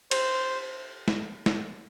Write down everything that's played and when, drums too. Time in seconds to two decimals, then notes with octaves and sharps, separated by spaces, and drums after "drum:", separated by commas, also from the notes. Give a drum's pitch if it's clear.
0.11 C5, drum: cymbal
1.08 drum: snare
1.46 drum: snare